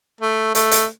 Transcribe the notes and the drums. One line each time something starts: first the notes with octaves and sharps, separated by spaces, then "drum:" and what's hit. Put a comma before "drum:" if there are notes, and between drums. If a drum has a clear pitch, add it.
A3
A3, drum: hi-hat
drum: hi-hat